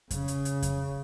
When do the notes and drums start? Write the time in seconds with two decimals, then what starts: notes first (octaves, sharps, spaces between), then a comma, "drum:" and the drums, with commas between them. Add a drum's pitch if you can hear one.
0.11 C#3, drum: kick F2, hi-hat
0.28 drum: hi-hat
0.45 drum: hi-hat
0.62 drum: kick F2, hi-hat